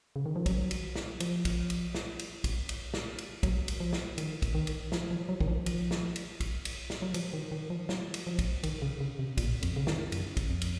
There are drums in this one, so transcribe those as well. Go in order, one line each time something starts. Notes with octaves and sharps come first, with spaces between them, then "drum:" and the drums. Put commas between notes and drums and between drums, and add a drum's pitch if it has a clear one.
C#3
D#3
F3
F#3, drum: kick, cymbal
drum: cymbal
drum: snare
F3, drum: cymbal
drum: kick, cymbal
drum: cymbal
drum: snare
drum: cymbal
drum: kick, cymbal
drum: cymbal
drum: snare
drum: cymbal
F#3, drum: kick, cymbal
drum: cymbal
F3
drum: snare
D#3, drum: cymbal
drum: kick, cymbal
D#3
drum: cymbal
F3, drum: snare
F3
F#3
D#3, drum: kick
F3
F3, drum: cymbal
drum: snare
drum: cymbal
drum: kick, cymbal
drum: cymbal
drum: snare
F#3
F3, drum: cymbal
D#3
D#3
F3
F#3, drum: snare
drum: cymbal
F3
drum: kick, cymbal
D#3, drum: cymbal
C#3
C#3
C3
A#2, drum: kick, cymbal
F2, drum: cymbal
C#3
D#3, drum: snare
F#2, drum: cymbal
drum: kick, cymbal
F2
drum: cymbal